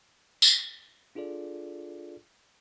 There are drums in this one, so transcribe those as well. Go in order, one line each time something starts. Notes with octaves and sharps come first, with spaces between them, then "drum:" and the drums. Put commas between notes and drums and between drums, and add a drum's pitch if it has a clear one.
drum: tambourine
D4 F4 G#4 A4 D5